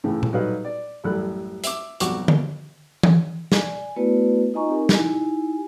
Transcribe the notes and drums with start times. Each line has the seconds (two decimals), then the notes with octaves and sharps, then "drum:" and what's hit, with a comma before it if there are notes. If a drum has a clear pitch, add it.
0.04 A2 C#3 E3
0.23 drum: tom A#2
0.33 F#3 G3 D#4 A4 B4 F5
0.65 D5
1.04 A1 F#2 G3 A4 B5 F#6
1.64 E5 D6, drum: hi-hat
2.00 B1 F2 G3 F#4 C#6 D6, drum: hi-hat
2.28 drum: tom D3
3.03 drum: tom E3
3.52 D5 G#5, drum: snare
3.96 A3 B3 E4 F#4 B4 D5
4.54 D#4 F4 D#5 G#5 A#5 C#6
4.67 C4 D#4 G4 A#4
4.89 D#4 E4 G4 G#5, drum: snare